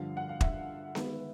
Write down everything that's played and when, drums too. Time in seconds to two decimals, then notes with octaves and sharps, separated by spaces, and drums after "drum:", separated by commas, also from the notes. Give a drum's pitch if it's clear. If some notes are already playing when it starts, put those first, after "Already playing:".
Already playing: G2 D3 F3 F5
0.17 F#5
0.29 F5
0.41 E5, drum: kick
0.95 D#3 G#3 B3, drum: snare B3